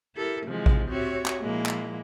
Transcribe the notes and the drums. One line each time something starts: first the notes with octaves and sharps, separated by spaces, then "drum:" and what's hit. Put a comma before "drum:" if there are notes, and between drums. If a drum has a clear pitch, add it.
E4 G4 A4 A#4
C3 E3 F3 G#3
drum: kick A1
C4 F#4 G4 C#5 E5
drum: clap
A#2 F3 G#3 A#3 E4
drum: clap